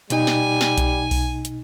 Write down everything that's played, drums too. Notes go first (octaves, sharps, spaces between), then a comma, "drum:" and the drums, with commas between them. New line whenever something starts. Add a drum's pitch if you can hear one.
B2 G3 D#4 G#5, drum: hi-hat
drum: snare
drum: snare
drum: kick B1, hi-hat
drum: kick B1, open hi-hat
drum: hi-hat